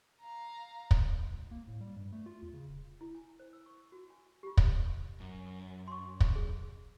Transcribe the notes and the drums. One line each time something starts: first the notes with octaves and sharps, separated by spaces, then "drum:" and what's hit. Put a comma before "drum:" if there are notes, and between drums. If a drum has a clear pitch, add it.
F5 A#5
drum: kick
C#2
C#2
A#3
A2
G3
G2
A3
F4
E2
C#3
D#1
E4
G#5
C5
E6
C#6
F#4
G#5
F4 G4
drum: kick
F#2
C6 C#6
drum: kick
G#4